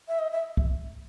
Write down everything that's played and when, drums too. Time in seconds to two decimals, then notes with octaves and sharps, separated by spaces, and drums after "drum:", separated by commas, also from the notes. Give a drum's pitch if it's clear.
0.08 E5
0.19 D#5
0.32 E5
0.57 drum: kick